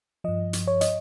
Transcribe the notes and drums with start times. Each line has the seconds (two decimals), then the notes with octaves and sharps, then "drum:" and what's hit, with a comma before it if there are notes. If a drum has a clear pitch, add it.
0.24 G2 F3 D#5
0.53 drum: hi-hat
0.67 C#5
0.81 D#5, drum: hi-hat